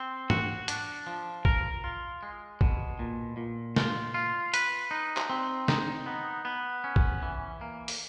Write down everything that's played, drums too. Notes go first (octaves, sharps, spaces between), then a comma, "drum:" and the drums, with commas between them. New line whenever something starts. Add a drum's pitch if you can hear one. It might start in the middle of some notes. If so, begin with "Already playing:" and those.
Already playing: C4
F#4, drum: tom
D4, drum: hi-hat
F3
A#4, drum: kick A1
F4
G#3
B2, drum: kick A1
A#2
A#2
F4, drum: snare
F4
B4, drum: hi-hat
D#4
drum: clap
C4
D#4, drum: snare
B3
B3
C#4
drum: kick A1
E3
A#3
drum: open hi-hat